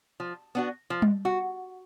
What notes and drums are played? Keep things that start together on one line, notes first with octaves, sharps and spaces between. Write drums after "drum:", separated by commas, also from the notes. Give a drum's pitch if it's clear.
F3
B3 D4 F#4
F3
drum: tom G3
F#4